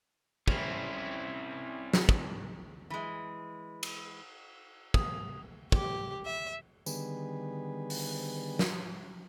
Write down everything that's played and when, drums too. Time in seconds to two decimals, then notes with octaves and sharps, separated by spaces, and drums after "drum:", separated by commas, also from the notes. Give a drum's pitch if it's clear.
0.48 C2 C4 C#4 E4, drum: kick
1.94 drum: snare
2.09 drum: kick
2.90 E3 G#3
3.83 drum: cymbal
4.94 D#6, drum: kick
5.72 G4, drum: kick
6.26 E5
6.86 D3 D#3 G3 B3 G#4 B4, drum: tambourine
7.90 drum: open hi-hat
8.59 drum: snare